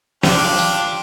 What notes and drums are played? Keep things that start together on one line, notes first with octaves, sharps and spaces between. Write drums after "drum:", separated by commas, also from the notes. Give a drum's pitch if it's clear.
D4 F4 G4, drum: snare
drum: tambourine